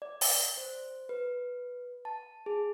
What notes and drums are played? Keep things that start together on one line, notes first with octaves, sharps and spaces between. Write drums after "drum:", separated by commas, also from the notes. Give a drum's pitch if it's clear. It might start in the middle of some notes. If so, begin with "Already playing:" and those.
D5
drum: open hi-hat
C5
B4
A5
G#4